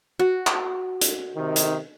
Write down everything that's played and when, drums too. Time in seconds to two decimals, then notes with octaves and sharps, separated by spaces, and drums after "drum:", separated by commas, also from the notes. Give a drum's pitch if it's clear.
0.19 F#4
0.47 drum: clap
1.01 drum: hi-hat
1.36 C3 D#3
1.56 drum: hi-hat